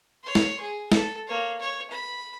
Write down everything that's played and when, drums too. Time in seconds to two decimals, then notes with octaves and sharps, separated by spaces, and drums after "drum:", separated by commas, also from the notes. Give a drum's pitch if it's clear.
0.23 C#5 C6
0.35 drum: snare
0.60 G#4
0.92 A4, drum: snare
1.27 A#3 C#5
1.59 C#5
1.91 B5